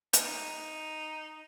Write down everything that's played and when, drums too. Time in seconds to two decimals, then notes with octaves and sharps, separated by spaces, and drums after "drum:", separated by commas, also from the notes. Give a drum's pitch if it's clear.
0.13 D#4, drum: hi-hat